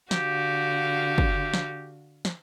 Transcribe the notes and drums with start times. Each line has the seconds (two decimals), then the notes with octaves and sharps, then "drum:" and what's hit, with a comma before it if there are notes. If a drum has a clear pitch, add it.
0.11 D3 F#4 G4 F5, drum: snare
1.18 drum: kick
1.54 drum: snare
2.25 drum: snare